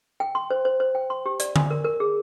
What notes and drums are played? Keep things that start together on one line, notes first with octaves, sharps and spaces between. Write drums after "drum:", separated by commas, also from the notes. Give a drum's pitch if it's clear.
G5
C6
C5
C5
C5
G5
C6
G4
D5, drum: hi-hat
G#5, drum: tom D3
A#4
A#4
G#4